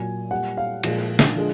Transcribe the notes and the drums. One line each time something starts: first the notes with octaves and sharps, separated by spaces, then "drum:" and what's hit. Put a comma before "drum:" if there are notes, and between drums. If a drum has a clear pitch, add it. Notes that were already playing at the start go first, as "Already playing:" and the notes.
Already playing: A#2 F#3 G#5
A#2 G3 F#5
F5
A#2 F3 G#3, drum: cymbal
drum: snare
D3 F3 G#3